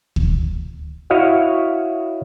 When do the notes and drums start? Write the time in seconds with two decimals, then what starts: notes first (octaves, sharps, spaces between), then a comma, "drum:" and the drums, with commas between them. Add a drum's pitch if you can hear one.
0.16 drum: kick
1.10 E4 F#4 C#5 D#5 F5